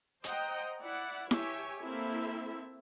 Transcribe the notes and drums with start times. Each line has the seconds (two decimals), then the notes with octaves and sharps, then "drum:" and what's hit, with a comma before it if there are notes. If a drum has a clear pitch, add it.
0.24 C5 D#5 F#5 G5 A#5, drum: hi-hat
0.82 E4 D5 F#5
1.31 G4 C#5 E5 G#5, drum: snare E4
1.82 A#3 C4 E4 A4 E5